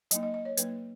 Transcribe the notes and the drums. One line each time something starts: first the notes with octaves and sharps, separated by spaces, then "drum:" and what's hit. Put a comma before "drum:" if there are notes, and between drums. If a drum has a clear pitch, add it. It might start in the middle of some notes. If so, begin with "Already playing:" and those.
F#3 A#3 D#4 D#5, drum: hi-hat
D#5
D#5
C#5
F#3 A#3 D#4 B4, drum: hi-hat